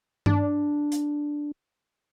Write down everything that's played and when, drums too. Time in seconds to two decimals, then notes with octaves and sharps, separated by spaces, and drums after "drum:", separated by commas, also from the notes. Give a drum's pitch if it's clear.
0.26 D4, drum: tom G2
0.92 drum: hi-hat